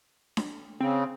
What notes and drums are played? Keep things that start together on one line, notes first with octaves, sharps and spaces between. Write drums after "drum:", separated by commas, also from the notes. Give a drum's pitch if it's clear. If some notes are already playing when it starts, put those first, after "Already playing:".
drum: snare D4
C#3 C4